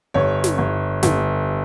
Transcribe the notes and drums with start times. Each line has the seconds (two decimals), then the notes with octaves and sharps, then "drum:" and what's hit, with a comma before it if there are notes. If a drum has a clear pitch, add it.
0.14 G1 C#5
0.44 drum: snare
0.58 G1
1.03 G1, drum: snare